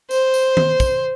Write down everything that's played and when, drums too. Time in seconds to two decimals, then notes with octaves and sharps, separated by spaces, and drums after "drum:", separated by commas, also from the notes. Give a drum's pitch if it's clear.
0.11 C5, drum: tambourine
0.34 drum: tambourine
0.57 drum: tom D#3
0.80 drum: kick, tambourine